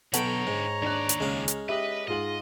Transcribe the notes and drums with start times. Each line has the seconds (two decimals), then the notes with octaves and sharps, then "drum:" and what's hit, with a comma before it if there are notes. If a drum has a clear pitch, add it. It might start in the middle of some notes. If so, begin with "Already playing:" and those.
0.14 B1 D3 A4 C#5 F#5 G5 A#5 B5, drum: hi-hat
0.47 G#2
0.82 D#2 D4 D5 F#6
1.09 drum: hi-hat
1.20 C#2 G#3 C#4 F5
1.48 drum: hi-hat
1.69 G4 B4 D#5 E5
2.08 G#2 G#3 F4 D#5 F#7